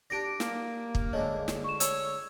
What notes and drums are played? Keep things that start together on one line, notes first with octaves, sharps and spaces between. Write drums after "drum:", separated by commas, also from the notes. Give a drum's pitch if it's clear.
D4 G4 D5 A#6 D7
A#3, drum: snare
drum: kick
D3 G#3 A3 C#5 D#5
drum: snare
C#6 E7
C#5 E6, drum: hi-hat